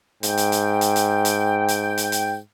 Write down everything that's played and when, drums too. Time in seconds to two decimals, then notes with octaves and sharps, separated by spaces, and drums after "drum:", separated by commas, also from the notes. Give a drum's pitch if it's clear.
0.23 G#2 G5, drum: hi-hat
0.37 drum: hi-hat
0.52 drum: hi-hat
0.81 drum: hi-hat
0.96 drum: hi-hat
1.25 drum: hi-hat
1.68 drum: hi-hat
1.98 drum: hi-hat
2.12 drum: hi-hat